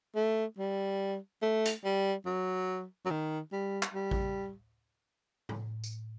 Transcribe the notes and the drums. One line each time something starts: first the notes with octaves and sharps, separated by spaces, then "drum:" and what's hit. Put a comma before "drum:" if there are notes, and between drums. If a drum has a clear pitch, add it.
A3
G3
A3
drum: hi-hat
G3
F#3
F#3
D#3
G3
drum: clap
G3
drum: kick A1
drum: tom A2
drum: tambourine